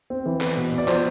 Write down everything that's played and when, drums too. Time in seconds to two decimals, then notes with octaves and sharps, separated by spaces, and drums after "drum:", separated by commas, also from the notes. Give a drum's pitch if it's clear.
0.10 C4
0.26 E3
0.41 B3, drum: clap
0.57 B2
0.72 B2
0.78 D5
0.88 F3 C5, drum: clap